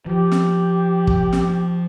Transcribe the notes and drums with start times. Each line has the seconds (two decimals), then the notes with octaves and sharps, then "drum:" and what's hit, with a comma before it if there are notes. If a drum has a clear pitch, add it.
0.06 F3 G4
0.32 drum: snare
1.07 drum: kick
1.33 drum: snare